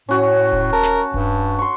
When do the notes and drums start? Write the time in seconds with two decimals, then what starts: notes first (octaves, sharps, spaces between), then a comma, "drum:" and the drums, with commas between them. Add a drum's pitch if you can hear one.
0.09 A2 C#4 F#4
0.53 drum: kick D#1
0.73 A#4 A5
0.83 drum: snare
1.14 G2, drum: kick D#1
1.59 C6 C#6